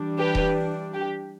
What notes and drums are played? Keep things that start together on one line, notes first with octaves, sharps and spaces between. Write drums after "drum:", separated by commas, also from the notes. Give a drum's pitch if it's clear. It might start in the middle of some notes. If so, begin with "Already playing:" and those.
Already playing: E3 G3 D4
G4 B4
drum: kick D#1
G4